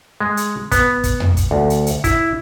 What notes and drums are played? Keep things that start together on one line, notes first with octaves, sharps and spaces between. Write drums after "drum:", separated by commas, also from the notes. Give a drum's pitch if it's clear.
G#3
drum: hi-hat
B3, drum: kick, hi-hat
drum: kick, hi-hat
drum: tom E2
drum: kick, hi-hat
D2
drum: hi-hat
drum: hi-hat
E4, drum: kick, hi-hat